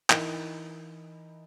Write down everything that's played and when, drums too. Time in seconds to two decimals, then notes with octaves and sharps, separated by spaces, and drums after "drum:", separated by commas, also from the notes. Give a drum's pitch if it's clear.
0.10 E3 D#4 E4 A#4, drum: clap